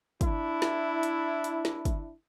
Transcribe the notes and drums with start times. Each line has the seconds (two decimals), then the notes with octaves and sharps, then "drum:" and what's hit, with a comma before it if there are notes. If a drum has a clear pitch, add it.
0.21 D4 E4, drum: kick, hi-hat
0.62 drum: snare
1.03 drum: hi-hat
1.44 drum: hi-hat
1.65 drum: snare
1.85 drum: kick, hi-hat